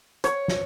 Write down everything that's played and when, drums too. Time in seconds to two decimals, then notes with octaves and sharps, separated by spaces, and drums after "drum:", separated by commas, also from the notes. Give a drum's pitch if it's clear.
0.24 C#5, drum: hi-hat
0.48 drum: snare